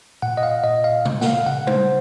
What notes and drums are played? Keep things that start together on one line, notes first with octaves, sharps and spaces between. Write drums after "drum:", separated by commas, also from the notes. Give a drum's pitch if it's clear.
A#2 F#5
D#5
F5
A#2 D#5
F5
C#3, drum: tom A#2
F#5, drum: snare
F5
C#3 F#5
C5, drum: tom G3